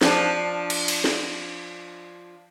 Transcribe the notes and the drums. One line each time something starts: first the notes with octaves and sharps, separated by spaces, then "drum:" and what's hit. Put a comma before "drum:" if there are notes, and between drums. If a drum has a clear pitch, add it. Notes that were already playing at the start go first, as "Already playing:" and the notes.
F3 D4, drum: snare
drum: cymbal
drum: cymbal
drum: snare